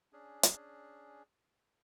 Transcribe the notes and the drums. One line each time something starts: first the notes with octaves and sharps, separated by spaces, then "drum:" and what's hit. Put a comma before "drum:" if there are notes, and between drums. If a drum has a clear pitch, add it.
C#4 D4 G#4
drum: hi-hat